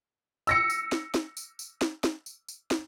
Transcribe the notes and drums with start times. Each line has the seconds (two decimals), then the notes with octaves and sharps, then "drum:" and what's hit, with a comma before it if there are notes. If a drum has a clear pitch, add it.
0.47 E6 A#6 C#7, drum: tambourine
0.70 drum: tambourine
0.92 drum: snare
1.14 drum: snare
1.37 drum: tambourine
1.59 drum: tambourine
1.81 drum: snare
2.04 drum: snare
2.26 drum: tambourine
2.48 drum: tambourine
2.71 drum: snare